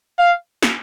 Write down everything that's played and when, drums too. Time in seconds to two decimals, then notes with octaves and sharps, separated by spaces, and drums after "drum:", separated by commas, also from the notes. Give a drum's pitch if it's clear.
0.18 F5
0.63 drum: snare